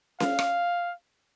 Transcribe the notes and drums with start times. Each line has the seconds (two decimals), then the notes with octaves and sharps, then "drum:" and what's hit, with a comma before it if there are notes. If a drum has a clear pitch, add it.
0.20 F5, drum: snare
0.39 drum: rim click